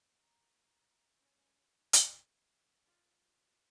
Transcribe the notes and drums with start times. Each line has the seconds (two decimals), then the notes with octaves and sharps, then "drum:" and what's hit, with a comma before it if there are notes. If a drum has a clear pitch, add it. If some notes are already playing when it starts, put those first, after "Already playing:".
0.18 A#5
1.20 C#4
1.93 drum: hi-hat
2.87 F4 D5